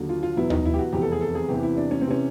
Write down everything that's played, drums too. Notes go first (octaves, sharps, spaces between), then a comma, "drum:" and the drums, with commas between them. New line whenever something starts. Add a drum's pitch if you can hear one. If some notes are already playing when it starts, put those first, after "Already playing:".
Already playing: D#2 D3 F#3
F4
F4
E2 B2 F#3 E4
D#4, drum: tom D#2
E4
G4
F#4
F1 E2 C3 G4
A4
G#4
A4
G#4
E2 C3 E3 G4
E4
D4
C#4
C4
C3 E3 C#4